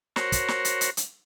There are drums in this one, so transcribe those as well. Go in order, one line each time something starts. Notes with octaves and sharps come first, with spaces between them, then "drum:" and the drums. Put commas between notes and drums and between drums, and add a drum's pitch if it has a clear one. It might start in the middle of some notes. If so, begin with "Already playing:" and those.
F#4 A#4 C5 C#5, drum: snare
drum: kick, hi-hat
drum: snare
drum: hi-hat
drum: hi-hat
drum: hi-hat